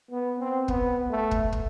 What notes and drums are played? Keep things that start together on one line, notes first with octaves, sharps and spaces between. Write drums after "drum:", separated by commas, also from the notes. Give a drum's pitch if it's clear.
B3
C4
B3, drum: kick
A3
drum: kick
drum: kick